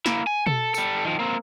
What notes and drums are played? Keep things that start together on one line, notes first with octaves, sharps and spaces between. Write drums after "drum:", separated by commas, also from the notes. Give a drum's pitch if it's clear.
A#3 E4, drum: snare
G#5
A4, drum: tom B2
G3 A4, drum: tambourine
D#3 F3
A#3 C4